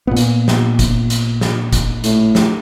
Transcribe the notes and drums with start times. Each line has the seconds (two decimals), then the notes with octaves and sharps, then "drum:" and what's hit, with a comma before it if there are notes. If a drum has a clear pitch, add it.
0.07 A#2 B3
0.17 drum: hi-hat
0.48 drum: snare
0.79 drum: kick F#1, hi-hat
1.10 drum: hi-hat
1.41 drum: snare
1.73 drum: kick F#1, hi-hat
2.04 A2, drum: hi-hat
2.35 drum: snare